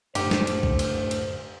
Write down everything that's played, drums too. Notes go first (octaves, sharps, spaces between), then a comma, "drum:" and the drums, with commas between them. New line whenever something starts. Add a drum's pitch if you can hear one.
F#2 A2 D3 A3 G4 C5, drum: cymbal
drum: snare
drum: cymbal
drum: kick B1
drum: cymbal
drum: cymbal